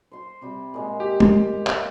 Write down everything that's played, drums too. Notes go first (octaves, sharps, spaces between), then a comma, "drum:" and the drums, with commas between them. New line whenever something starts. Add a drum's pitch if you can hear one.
C5 C6
C3 G3 G5
A#2 G#3 F5
G4
drum: tom
drum: clap